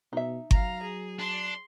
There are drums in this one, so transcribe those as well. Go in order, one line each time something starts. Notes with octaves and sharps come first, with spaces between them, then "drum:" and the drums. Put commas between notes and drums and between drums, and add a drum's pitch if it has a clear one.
B2 D#4 E5
F#3 F5 A#5, drum: kick G1
G#4
D4 C6